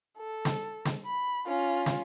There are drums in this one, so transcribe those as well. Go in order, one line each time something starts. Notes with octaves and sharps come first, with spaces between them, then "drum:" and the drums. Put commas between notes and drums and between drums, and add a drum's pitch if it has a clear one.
A4
drum: snare
drum: snare
B5
C#4 F4
drum: snare